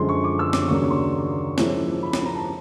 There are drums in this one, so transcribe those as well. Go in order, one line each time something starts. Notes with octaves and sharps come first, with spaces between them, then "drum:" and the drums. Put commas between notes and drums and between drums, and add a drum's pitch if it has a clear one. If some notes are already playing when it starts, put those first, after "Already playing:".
Already playing: F#2 D3 F3 G#3 C6
C#6
D6
E6
D6, drum: snare
D#2 C#3 F#3 A#3 D4 C#6
C#6
C6
G#2 F3 A#3 C#4 E4, drum: snare
B5
B5, drum: snare
A#5
A5